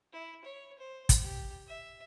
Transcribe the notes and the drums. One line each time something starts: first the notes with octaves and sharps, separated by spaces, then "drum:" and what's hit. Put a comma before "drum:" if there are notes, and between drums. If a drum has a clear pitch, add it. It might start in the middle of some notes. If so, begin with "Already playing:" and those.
E4
C#5
C5
drum: kick, hi-hat
G4
E5